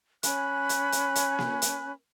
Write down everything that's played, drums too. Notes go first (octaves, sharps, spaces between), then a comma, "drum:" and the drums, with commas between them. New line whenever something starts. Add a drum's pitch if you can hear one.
C#4 G#5 B5 F#6, drum: hi-hat
drum: hi-hat
drum: hi-hat
drum: hi-hat
drum: snare A#3
drum: hi-hat